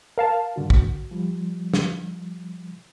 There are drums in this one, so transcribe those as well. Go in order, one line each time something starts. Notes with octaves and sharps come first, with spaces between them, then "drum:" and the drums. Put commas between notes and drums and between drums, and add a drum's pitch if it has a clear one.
A#4 F5 A5
G2 D3 F#4
drum: kick
F3 G3
drum: snare